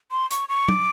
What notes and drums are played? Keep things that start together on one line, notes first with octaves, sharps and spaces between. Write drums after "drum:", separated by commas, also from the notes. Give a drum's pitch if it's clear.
C6
C#6, drum: hi-hat
C#6
D6, drum: tom F#3